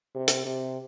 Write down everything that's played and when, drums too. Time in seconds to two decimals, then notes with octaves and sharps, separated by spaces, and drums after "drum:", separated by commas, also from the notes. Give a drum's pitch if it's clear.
0.15 C3
0.28 drum: hi-hat
0.46 C3